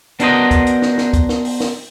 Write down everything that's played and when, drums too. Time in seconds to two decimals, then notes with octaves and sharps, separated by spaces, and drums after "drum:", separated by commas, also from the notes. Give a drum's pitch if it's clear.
0.20 B3 D4 F#4 A#4 C5 D#5, drum: hi-hat
0.51 drum: kick, hi-hat
0.67 drum: hi-hat
0.82 drum: snare
0.98 drum: snare
1.13 drum: kick, hi-hat
1.29 drum: snare
1.45 drum: open hi-hat
1.60 drum: snare